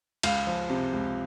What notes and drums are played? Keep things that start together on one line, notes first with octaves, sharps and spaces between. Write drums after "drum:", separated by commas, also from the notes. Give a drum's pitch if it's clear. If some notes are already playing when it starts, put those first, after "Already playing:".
C#2 F5, drum: cymbal
F3
C3
C#2